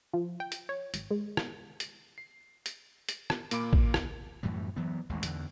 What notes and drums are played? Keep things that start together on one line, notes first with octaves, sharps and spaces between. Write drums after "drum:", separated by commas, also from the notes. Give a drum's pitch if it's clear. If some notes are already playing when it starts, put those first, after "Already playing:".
F3
G5
drum: hi-hat
C#5
G#1, drum: hi-hat
G#3
drum: rim click
drum: hi-hat
C7
drum: hi-hat
drum: hi-hat
drum: rim click
A#2 A#3 F4 B5 D6 D7, drum: hi-hat
drum: kick A1
drum: rim click
F#2 A2 E3 G3
E3 F#3 B3
A1 D#2 G#3
E2 D3, drum: hi-hat